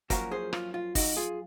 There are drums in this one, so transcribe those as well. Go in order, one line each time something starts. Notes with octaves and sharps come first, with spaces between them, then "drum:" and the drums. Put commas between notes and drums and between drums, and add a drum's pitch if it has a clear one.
F#2 F3 A#3 C#4 F#4 A#4, drum: kick, hi-hat
G#4 C5
F4, drum: rim click
F4
D#4 F#4, drum: kick, open hi-hat
F4 G#4